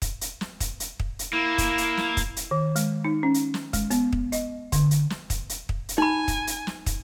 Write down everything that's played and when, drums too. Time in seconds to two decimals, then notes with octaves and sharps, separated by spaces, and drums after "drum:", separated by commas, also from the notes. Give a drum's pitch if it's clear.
0.02 drum: kick, hi-hat
0.21 drum: hi-hat
0.41 drum: snare
0.60 drum: kick, hi-hat
0.80 drum: hi-hat
1.00 drum: kick
1.19 drum: hi-hat
1.33 A#3 E4
1.58 drum: kick, hi-hat
1.78 drum: hi-hat
1.97 drum: snare
2.17 drum: kick, hi-hat
2.36 drum: hi-hat
2.51 D#3
2.76 G#3, drum: hi-hat
3.04 D#4
3.23 C#4
3.34 drum: hi-hat
3.54 drum: snare
3.73 G#3, drum: kick, hi-hat
3.90 B3, drum: hi-hat
4.13 drum: kick
4.32 D#5, drum: hi-hat
4.72 D3, drum: kick, hi-hat
4.91 drum: hi-hat
5.10 drum: snare
5.30 drum: kick, hi-hat
5.49 drum: hi-hat
5.69 drum: kick
5.89 drum: hi-hat
5.98 D#4 G#5 B5
6.28 drum: kick, hi-hat
6.47 drum: hi-hat
6.67 drum: snare
6.86 drum: kick, hi-hat